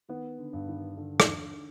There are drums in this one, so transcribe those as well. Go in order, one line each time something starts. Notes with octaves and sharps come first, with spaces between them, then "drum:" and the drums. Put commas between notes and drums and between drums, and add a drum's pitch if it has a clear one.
D#3 B3
D3
G2
D#3
D3
drum: rim click